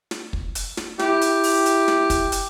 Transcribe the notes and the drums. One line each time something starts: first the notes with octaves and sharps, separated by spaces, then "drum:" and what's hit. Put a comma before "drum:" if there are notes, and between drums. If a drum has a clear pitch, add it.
drum: snare
drum: kick
drum: hi-hat
drum: snare
E4 G4, drum: snare
drum: hi-hat
drum: open hi-hat
drum: hi-hat
drum: snare
drum: kick, hi-hat
drum: hi-hat